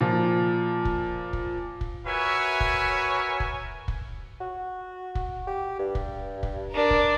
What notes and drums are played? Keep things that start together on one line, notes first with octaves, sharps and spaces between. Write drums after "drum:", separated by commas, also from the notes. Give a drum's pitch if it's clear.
A#2 F3
drum: kick
drum: kick
drum: kick
F#4 A#4 B4 C#5 E5 G#5
drum: kick
drum: kick
drum: kick
F#4
drum: kick
G4
G2
drum: kick
drum: kick
D4 A#4
drum: kick